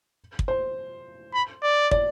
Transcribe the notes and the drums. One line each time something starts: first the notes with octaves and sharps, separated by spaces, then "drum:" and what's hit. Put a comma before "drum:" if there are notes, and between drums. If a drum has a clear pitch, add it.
drum: kick
C5
B5
D5
D5, drum: kick